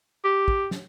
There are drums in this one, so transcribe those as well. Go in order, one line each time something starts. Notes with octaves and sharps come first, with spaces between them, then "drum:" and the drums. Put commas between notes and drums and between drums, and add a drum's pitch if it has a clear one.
G4
drum: kick
drum: snare